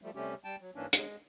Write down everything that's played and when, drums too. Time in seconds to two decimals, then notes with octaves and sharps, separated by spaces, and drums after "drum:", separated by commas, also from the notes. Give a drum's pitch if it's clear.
0.02 F3 G3 A3
0.15 C3 G3 A3 C#4 G4
0.44 G3 G5 A5
0.61 F#3
0.75 G#2 E3 A#3 C#4 D4
0.93 G#3, drum: hi-hat